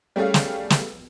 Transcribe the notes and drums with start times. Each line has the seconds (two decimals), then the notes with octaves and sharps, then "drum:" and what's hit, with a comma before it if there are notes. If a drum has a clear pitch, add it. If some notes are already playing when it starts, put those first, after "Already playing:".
0.16 G3 A3 C#4 G#4 F5
0.34 drum: snare
0.70 drum: snare